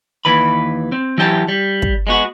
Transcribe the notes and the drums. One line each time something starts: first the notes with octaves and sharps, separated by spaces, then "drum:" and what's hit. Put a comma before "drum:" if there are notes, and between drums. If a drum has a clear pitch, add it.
D#2 E3 B4 B5
C4
E3 F#3 E4 G4 G5 A5
G3
drum: kick
G#3 B3 F#4